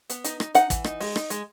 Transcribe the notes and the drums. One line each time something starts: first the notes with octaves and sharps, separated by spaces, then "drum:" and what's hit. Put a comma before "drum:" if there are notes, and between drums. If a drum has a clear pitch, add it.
B3, drum: hi-hat
D#4, drum: hi-hat
D#4, drum: rim click
D#4 F#5, drum: hi-hat
E3, drum: kick, hi-hat
D#4, drum: rim click
G#3, drum: open hi-hat
D#4, drum: rim click
G#3, drum: hi-hat